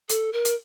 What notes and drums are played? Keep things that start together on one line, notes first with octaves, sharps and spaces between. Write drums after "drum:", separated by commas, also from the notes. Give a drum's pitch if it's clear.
A4, drum: hi-hat
A#4
drum: hi-hat